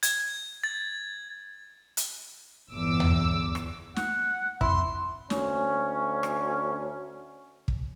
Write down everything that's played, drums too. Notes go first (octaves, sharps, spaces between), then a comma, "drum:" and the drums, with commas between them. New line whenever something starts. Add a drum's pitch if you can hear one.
G#6, drum: hi-hat
A6
drum: hi-hat
G1 E2 D6 E6
drum: tom D#2
drum: rim click
F#5, drum: snare
F2 F3 E4 C6, drum: kick
D2 C#4, drum: snare
drum: rim click
drum: kick